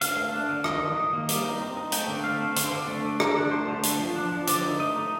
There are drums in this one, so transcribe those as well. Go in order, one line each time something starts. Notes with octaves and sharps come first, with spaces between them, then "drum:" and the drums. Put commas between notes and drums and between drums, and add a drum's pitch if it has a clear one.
D3 F5, drum: hi-hat
A3
D4
D3
D#3 D#5, drum: rim click
D#3
D#3
A#3
G3, drum: hi-hat
D#4
C4
D#4
A3 G5, drum: hi-hat
D3
A3 F5
C4
D3 C5, drum: hi-hat
D3
A3
D3
D3 A#4, drum: rim click
D4
A3 C5
D3
A3, drum: hi-hat
F3
D4
F3
D3 D5, drum: hi-hat
D#4
A3 D#5
D#4